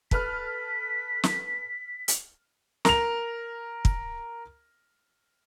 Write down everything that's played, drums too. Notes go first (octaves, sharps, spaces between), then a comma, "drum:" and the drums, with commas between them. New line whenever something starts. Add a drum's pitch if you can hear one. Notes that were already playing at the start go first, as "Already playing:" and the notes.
A4 B4 F6 B6, drum: kick
drum: snare
drum: hi-hat
A#4 F7, drum: snare
drum: kick